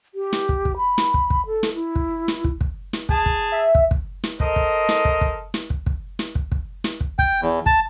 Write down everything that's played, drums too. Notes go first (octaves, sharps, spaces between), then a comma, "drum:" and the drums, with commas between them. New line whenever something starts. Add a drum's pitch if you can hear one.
G4
drum: snare
drum: kick
drum: kick
B5
drum: snare
drum: kick
drum: kick
A4
drum: snare
E4
drum: kick
drum: snare
drum: kick
drum: kick
drum: snare
G#4 A5, drum: kick
drum: kick
E5
drum: kick
drum: kick
drum: snare
A4 A#4 C5 D#5, drum: kick
drum: kick
drum: snare
drum: kick
drum: kick
drum: snare
drum: kick
drum: kick
drum: snare
drum: kick
drum: kick
drum: snare
drum: kick
G5, drum: kick
E2
A5, drum: kick